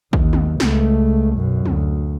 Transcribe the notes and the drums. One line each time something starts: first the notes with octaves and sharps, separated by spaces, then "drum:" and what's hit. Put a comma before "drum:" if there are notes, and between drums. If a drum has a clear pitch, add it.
D#2, drum: kick
drum: tom
C#2 A3, drum: snare
B1 F#2
D2, drum: tom